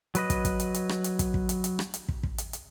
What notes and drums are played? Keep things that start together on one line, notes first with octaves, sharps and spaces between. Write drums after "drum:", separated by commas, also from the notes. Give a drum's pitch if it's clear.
F#3 B4 D#5, drum: hi-hat
drum: kick, hi-hat
drum: kick, hi-hat
drum: hi-hat
drum: hi-hat
drum: rim click
drum: hi-hat
drum: kick, hi-hat
drum: kick
drum: hi-hat
drum: hi-hat
drum: rim click
drum: hi-hat
drum: kick
drum: kick
drum: hi-hat
drum: hi-hat